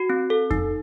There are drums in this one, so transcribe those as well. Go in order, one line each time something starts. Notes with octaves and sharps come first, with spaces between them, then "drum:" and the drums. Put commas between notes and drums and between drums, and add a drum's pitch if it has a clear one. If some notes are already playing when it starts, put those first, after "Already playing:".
Already playing: F#4
C4
A4
D#4, drum: kick F2